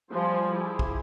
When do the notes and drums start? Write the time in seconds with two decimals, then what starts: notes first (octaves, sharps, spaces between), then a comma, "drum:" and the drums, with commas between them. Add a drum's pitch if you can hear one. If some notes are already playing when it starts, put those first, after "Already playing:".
0.11 F3 G3 F4 C5 G#5
0.53 E4 G4 G#4
0.79 drum: kick